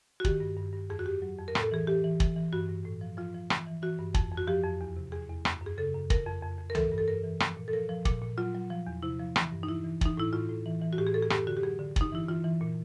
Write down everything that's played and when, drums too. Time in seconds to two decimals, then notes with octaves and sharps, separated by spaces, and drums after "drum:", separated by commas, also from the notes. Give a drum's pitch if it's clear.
0.20 F#4
0.25 D#3 G4, drum: kick
0.40 G2
0.57 G2
0.73 G2
0.90 F2 G#4
0.99 F#4
1.06 F2 G4
1.22 F#3
1.38 F2
1.48 A#4
1.55 A2, drum: rim click
1.61 A4
1.71 E3 G#4
1.87 E3 G4
2.04 E3
2.20 E3, drum: kick
2.36 E3
2.53 G2 F#4
2.69 G2
2.85 A2
3.01 F3
3.17 F3 F4
3.34 F3
3.50 E3, drum: rim click
3.66 E3
3.82 E3 F#4
3.99 G2
4.14 F2, drum: kick
4.31 F2
4.37 F#4
4.47 F3 G4
4.64 F2
4.81 E2
4.97 C3
5.12 E2 G#4
5.29 E2
5.45 F#2, drum: rim click
5.61 F#2
5.66 G#4
5.78 C#3 A4
5.94 F#2
6.10 F2 A#4, drum: kick
6.27 F2
6.42 F2
6.58 F2
6.70 A#4
6.75 E3 A4, drum: tom C2
6.92 G2
6.98 A4
7.08 G2 A#4
7.24 E3
7.40 F3, drum: rim click
7.57 A#2
7.68 A4
7.73 F3 A#4
7.89 F3
8.05 A#2, drum: kick
8.22 A#2
8.38 F#3 F4
8.54 F#3
8.70 F3
8.87 E2
9.03 C3 E4
9.20 F3
9.36 E3, drum: rim click
9.52 G2
9.63 D#4
9.68 E3 E4
9.84 E3
10.01 E3 D#4, drum: kick
10.17 A2 E4
10.33 A2 F4
10.49 A2
10.66 E3
10.82 E3
10.93 F#4
10.98 A2 G4
11.07 G#4
11.14 A2 A4
11.23 G#4
11.30 F#2 G4, drum: rim click
11.47 D3 F#4
11.57 G4
11.63 F#3 G#4
11.79 D3
11.96 G2 D#4, drum: kick
12.12 E3 E4
12.28 E3 F4
12.44 E3
12.61 A#2